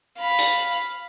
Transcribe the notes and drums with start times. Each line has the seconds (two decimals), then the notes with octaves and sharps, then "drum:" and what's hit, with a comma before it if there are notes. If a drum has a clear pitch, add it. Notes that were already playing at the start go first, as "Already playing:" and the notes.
0.19 F5 B5
0.39 drum: hi-hat